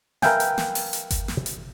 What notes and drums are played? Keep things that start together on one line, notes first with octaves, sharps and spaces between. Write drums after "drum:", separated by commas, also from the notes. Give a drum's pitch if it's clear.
A#4 B4 E5 F5 G5 G#5, drum: snare
drum: hi-hat
drum: snare
drum: open hi-hat
drum: hi-hat
drum: kick G1, hi-hat
drum: snare
drum: hi-hat